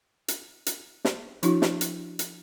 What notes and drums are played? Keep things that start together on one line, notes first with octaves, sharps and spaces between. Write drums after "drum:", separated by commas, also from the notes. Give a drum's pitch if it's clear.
drum: hi-hat
drum: hi-hat
drum: snare
F3 D4 E4 F#4, drum: hi-hat
drum: snare
drum: hi-hat
drum: hi-hat